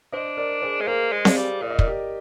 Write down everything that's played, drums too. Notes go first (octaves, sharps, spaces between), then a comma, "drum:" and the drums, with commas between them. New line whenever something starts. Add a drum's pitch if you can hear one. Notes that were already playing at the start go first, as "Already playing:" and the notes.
D4 C5 D#5
A#4 D5
G#4 C5
G#3
A#3 G#4 C5
G#3
D5 F5, drum: snare C4
G3
A#2 D5
D#5
A#4 D5, drum: kick
G4